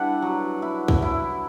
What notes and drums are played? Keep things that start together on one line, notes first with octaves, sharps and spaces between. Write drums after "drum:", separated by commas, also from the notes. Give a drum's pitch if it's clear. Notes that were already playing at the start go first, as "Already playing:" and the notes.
Already playing: G3 D4 E4 B4 F#5
F#3
E4
drum: kick
E4